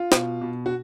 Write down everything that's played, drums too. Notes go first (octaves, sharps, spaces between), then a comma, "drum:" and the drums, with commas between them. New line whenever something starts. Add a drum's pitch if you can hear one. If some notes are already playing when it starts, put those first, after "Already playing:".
Already playing: F4
B2, drum: snare
B2
F#4